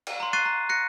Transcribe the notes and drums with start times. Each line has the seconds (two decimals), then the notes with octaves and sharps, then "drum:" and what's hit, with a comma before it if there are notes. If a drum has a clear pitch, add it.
0.07 drum: cymbal
0.20 A#5 C6
0.33 C#6 F#6 A6 C7 D#7
0.45 A#5
0.69 F#6 A#6 C#7